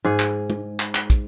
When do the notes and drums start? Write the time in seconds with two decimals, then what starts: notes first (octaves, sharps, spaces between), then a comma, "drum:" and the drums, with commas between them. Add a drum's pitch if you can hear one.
0.04 G#2 G#4
0.20 drum: clap
0.50 drum: tom
0.80 drum: clap
0.95 drum: clap
1.10 drum: kick, hi-hat